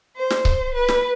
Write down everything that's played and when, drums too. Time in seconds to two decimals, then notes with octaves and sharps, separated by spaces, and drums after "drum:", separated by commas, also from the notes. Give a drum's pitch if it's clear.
0.16 C5
0.30 drum: snare
0.45 drum: kick C#1
0.74 B4
0.88 drum: snare